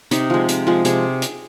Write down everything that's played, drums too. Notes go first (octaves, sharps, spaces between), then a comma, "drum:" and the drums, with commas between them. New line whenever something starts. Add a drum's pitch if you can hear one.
C3 D#4, drum: hi-hat
F3 G#3
C3, drum: hi-hat
F3 G#3
C3 G#4, drum: hi-hat
drum: hi-hat